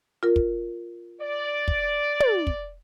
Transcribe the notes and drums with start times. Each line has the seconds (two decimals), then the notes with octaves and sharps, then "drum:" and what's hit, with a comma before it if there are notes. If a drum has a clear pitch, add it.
0.23 F4 A#4
0.36 drum: kick
1.21 D5
1.68 drum: kick
2.20 drum: tom
2.47 drum: kick